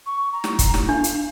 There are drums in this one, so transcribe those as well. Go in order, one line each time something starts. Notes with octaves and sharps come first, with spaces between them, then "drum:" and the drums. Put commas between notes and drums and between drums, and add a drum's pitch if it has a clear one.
C#6
A#5
drum: snare
drum: kick, hi-hat
drum: snare
D4 F5
drum: hi-hat